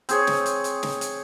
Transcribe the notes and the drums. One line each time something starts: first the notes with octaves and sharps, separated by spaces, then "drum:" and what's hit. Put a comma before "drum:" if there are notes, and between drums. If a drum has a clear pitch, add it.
C4 G#4 C#5, drum: hi-hat
drum: snare
drum: hi-hat
drum: hi-hat
drum: snare
drum: hi-hat